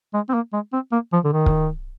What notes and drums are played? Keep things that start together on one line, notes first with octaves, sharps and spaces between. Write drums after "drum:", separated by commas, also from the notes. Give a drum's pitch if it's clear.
G#3
C4
A#3
G#3
C4
A#3
F3
D3
D#3
drum: kick